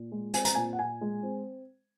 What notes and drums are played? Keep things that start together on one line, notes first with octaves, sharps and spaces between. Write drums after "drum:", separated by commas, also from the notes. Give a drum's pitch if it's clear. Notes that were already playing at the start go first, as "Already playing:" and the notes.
Already playing: A#2
G#3
C4 G#5, drum: hi-hat
A#5, drum: hi-hat
A#2 G#5
F#5
A#2 G#5
G#3
C4